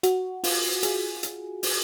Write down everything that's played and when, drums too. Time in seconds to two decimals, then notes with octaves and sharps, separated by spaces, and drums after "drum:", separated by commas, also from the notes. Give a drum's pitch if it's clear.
0.03 F#4, drum: hi-hat
0.44 F4, drum: open hi-hat
0.83 G#4, drum: hi-hat
1.23 drum: hi-hat
1.63 drum: open hi-hat